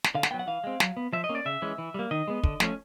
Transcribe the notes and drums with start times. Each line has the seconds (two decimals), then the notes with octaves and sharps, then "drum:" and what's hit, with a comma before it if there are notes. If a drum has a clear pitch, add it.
0.04 drum: snare
0.15 D3 F5
0.23 F#5, drum: snare
0.31 F#3 B3 G5
0.39 F#5
0.47 E3 F5
0.64 G#3 C4
0.80 F#3, drum: snare
0.97 B3
1.13 F3 E5
1.24 D#5
1.29 A#3 C#4
1.35 D5
1.46 C#3 E5
1.62 E3 G#3 C#4
1.78 E3
1.94 G3 A#3
2.11 D#3 D#5
2.28 G#3 B3
2.43 D3, drum: kick
2.60 F3 A3 C#4, drum: snare